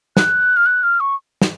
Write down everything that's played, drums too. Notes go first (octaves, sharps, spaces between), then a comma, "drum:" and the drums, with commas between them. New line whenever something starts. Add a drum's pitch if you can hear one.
F#6, drum: snare
F6
F#6
F6
C#6
drum: snare